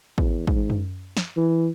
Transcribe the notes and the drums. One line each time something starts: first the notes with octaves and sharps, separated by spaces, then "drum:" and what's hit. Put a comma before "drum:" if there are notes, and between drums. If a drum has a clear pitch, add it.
E2, drum: kick
G#2, drum: kick
drum: tom F#2
drum: snare
E3